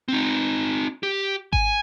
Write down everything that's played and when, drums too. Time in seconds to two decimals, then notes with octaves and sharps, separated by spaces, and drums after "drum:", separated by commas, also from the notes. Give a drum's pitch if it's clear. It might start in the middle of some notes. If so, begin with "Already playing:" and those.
0.08 C4 D#4
1.03 G4
1.53 G#5, drum: kick G#1